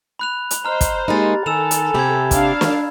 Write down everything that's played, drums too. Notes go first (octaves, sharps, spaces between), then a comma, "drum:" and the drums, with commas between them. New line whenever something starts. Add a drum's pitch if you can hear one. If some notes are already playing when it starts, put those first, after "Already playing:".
B5 F#6 F7
drum: hi-hat
C5 D#5 A#5 F6
drum: kick, hi-hat
G#3 A#3 D#4 G4 B5 A6
D#3 A4 G#5 E6 E7 F7
drum: hi-hat
C3 G4 B5 G#6
D4 F5, drum: kick, hi-hat
drum: snare